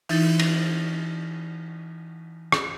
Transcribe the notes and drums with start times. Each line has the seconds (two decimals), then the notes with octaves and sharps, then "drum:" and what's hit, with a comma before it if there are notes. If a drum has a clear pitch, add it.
0.09 E3 D#4 E4 A6, drum: open hi-hat
0.39 drum: cymbal
2.52 drum: rim click